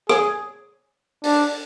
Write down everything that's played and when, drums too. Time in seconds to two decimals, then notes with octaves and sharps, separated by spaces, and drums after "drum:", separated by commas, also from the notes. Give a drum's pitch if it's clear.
0.09 G#4, drum: rim click
1.24 D4, drum: open hi-hat